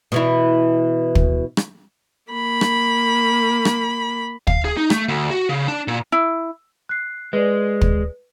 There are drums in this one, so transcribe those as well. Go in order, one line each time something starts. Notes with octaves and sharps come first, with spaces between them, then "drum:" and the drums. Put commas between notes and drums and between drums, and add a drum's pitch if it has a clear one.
B2 E3 E4
drum: kick
drum: rim click
A#3 B5
drum: rim click
drum: rim click
F5, drum: kick
G#4
D#4
A3, drum: rim click
D2
F#4
C#3
D4
A#2
E4
F#6 C7
G#3 B4 D5
drum: kick